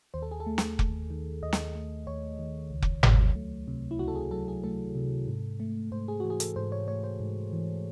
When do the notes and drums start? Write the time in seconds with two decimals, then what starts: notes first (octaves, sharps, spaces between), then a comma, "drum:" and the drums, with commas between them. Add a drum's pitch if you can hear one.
0.14 D#2 C5
0.22 A4
0.31 G#4
0.40 A4
0.46 A3
0.58 drum: snare
0.79 D#2, drum: kick F1
1.10 D#3
1.42 D#2 D#5
1.53 drum: snare
1.75 A3
2.07 D#2 C#5
2.39 D#3
2.71 C#2
2.82 drum: kick F1
3.03 F#3, drum: tom G1
3.36 A3
3.68 C3
3.91 E4
3.99 C#2 F#4
4.08 A4
4.15 G#4
4.31 F#3 A4
4.48 G#4
4.64 A3 A4
4.95 C3
5.27 G#2
5.60 A3
5.91 G#2 C5
6.08 G#4
6.20 E3 F#4
6.30 G#4
6.40 A4, drum: hi-hat
6.56 G#2 C5
6.72 C#5
6.88 A3 C#5
7.04 C5
7.20 G#2
7.53 E3